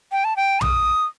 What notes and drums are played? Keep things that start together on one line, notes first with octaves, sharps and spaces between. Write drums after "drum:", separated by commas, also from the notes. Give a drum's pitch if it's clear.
G5
A5
G5
D#6, drum: tom